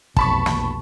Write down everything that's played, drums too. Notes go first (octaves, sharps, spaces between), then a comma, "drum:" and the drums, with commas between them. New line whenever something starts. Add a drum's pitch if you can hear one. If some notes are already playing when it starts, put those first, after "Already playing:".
F1 B1 A5 B5 C#6, drum: kick
drum: snare